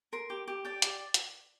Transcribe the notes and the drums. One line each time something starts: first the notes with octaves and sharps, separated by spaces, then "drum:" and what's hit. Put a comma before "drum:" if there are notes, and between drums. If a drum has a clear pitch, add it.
A#4 C6
G4
G4
D5 G5
G4, drum: hi-hat
drum: hi-hat